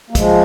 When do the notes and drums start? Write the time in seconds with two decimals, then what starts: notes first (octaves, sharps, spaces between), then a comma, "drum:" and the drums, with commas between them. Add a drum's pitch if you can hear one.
0.10 A#3
0.15 F3 G#3, drum: kick, hi-hat